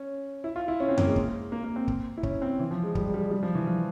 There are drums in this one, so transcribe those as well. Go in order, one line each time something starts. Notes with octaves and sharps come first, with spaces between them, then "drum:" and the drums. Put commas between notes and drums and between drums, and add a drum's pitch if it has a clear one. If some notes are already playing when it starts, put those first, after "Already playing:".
Already playing: C#4
E4
F4
E4
C#4
C4
A#3, drum: tom F2
G#3
drum: kick
A#3
A#3
C4
drum: kick
E4
C#4, drum: kick
C4
E3
F3
G#3
G3, drum: kick
G#3
G3
G#3
G3
F3
E3
F3